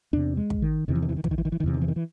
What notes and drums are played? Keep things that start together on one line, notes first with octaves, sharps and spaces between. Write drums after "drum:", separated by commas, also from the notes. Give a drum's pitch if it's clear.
E2 C3 D4
G#3
drum: kick
D#3
E2 C3 D#3
E3
D#3
E3
D#3
E3, drum: kick
D#3
E3
D#3
E3
D#3
E2 C3 E3
D#3
E3
D#3
E3